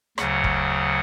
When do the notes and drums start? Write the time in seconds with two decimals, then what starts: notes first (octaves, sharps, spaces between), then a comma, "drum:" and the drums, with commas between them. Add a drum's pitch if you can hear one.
0.18 D2 C#3 F#3 F#5, drum: rim click
0.44 drum: kick